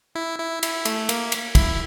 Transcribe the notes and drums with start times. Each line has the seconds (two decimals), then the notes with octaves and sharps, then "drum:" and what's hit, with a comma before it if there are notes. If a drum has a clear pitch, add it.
0.15 E4
0.39 E4
0.63 E4, drum: cymbal
0.85 A3, drum: cymbal
1.09 A#3, drum: cymbal
1.32 drum: cymbal
1.55 E4, drum: kick, cymbal